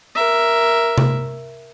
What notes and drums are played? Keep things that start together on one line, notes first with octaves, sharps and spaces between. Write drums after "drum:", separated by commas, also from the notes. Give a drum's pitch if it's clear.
A#4 E5
drum: tom C3